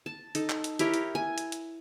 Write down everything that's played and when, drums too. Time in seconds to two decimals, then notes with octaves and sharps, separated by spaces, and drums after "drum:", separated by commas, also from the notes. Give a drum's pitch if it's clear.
0.06 A5
0.35 D#4 A4, drum: hi-hat
0.50 drum: clap
0.64 drum: hi-hat
0.79 E4 G4 A#4 C#5, drum: hi-hat
0.94 drum: hi-hat
1.15 G#5
1.38 drum: hi-hat
1.52 drum: hi-hat